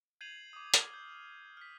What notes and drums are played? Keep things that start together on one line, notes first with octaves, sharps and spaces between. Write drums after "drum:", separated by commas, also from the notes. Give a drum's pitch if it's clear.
G6 G#6 C7 D#7 F7 F#7
D6 D#6
F6, drum: hi-hat
D6 G6 F#7
F6 B6